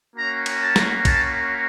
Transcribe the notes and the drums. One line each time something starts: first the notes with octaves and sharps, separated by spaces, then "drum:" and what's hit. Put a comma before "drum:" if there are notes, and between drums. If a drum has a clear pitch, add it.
A#3 C#4 F#4 A#5
drum: cymbal
A5
drum: snare
A5, drum: kick, cymbal